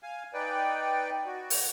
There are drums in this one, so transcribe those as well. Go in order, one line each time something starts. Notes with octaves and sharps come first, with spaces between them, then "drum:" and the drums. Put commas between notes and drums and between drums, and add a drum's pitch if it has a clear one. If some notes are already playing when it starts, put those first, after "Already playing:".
F5 G#5
D#4 B4 D5 G5
F#4
drum: open hi-hat